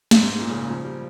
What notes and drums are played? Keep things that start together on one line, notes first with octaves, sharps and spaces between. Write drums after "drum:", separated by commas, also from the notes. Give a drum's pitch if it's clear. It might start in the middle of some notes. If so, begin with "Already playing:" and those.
G#2, drum: snare
A#2
C#3
C#3
F3
G3